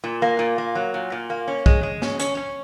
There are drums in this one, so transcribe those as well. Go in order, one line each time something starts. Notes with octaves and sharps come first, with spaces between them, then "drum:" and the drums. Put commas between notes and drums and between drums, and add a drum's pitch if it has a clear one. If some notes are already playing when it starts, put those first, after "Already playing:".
A#2
A#3
A#2
A#3
F#3
A#2
A#2
A#3
C#4
G#3, drum: kick
G#3
C#4, drum: snare
C#4, drum: hi-hat
C#4